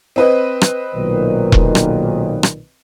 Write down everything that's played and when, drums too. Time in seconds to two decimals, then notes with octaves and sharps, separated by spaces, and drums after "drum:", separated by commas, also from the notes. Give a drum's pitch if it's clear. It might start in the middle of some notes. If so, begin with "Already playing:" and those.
0.16 C4 B4 D#5
0.61 drum: rim click
0.95 B1 A#2 D#3
1.52 drum: kick E1
1.75 drum: rim click
2.43 drum: rim click